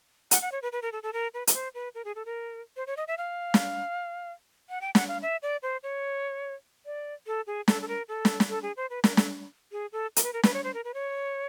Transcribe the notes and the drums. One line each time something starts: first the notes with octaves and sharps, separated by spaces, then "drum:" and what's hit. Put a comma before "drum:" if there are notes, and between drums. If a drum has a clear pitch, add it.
F#5, drum: hi-hat
F#5
C#5
B4
B4
A#4
A4
A4
A#4
B4
B4, drum: hi-hat
C5
B4
A#4
G#4
A4
A#4
C5
C#5
D#5
E5
F5
drum: snare
F#5
G5
F#5, drum: snare
F5
E5
D5
C5
C#5
D5
A4
G#4
A4, drum: snare
A4
A#4
A4
drum: snare
drum: snare
A4
G#4
C5
B4
A#4, drum: snare
A4, drum: snare
G#4
A4
A#4, drum: hi-hat
B4
A#4
B4, drum: snare
C#5
C5
A#4
B4
C#5